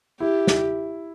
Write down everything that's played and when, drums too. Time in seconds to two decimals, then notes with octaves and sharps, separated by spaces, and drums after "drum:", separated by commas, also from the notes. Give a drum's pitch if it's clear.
0.20 E4 G4
0.47 drum: snare